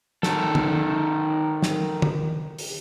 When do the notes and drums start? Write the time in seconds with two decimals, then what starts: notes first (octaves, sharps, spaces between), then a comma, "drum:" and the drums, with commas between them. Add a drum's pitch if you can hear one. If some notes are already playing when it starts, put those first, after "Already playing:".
0.23 D#3 A4, drum: snare
0.55 drum: tom
1.62 drum: snare
2.02 drum: tom
2.59 drum: open hi-hat